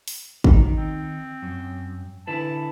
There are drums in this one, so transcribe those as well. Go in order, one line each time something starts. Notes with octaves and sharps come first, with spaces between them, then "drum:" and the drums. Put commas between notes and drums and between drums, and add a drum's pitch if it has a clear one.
drum: open hi-hat
D#3 D#4, drum: kick
C4
F#2
D3 E4 B4 A5